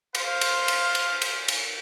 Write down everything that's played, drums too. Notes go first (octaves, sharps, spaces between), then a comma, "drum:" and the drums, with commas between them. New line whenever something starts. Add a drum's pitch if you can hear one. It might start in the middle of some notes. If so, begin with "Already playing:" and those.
C5 F5, drum: cymbal
drum: cymbal
drum: cymbal
drum: cymbal
drum: cymbal
drum: cymbal